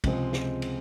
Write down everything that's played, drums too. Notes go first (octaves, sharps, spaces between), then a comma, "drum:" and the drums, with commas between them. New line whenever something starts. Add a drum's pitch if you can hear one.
C#2 C3 F3 G#3 C4, drum: kick, cymbal
drum: snare
drum: cymbal